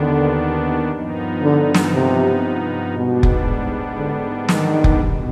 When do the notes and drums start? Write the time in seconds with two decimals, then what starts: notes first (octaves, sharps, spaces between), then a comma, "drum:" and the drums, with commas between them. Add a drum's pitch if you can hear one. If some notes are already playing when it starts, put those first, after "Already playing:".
Already playing: D#2 D3 D#3 B3 D4
0.92 G2 F3 B3 D#4
1.42 D3
1.74 drum: snare
1.93 C3
2.95 G#2 B2 G3 B3 D4
3.23 drum: kick F1
3.98 D3
4.49 D#3, drum: snare
4.84 drum: kick F1
5.00 B2